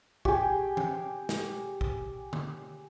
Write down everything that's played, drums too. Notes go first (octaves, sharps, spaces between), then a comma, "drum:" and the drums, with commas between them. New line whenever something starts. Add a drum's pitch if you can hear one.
G4 G#4, drum: kick
drum: tom E3
drum: snare
drum: kick
drum: tom D3